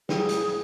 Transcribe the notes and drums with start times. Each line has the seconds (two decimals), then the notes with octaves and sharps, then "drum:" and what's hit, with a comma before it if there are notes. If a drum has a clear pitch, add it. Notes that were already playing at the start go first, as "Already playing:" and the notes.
0.09 G#4, drum: snare
0.29 drum: hi-hat